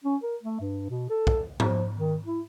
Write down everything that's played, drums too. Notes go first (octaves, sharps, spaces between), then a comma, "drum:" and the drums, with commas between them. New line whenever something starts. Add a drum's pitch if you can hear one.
C#4
A#4
A3
G2
B2
A4
drum: kick B1
F3, drum: tom
D#3
E4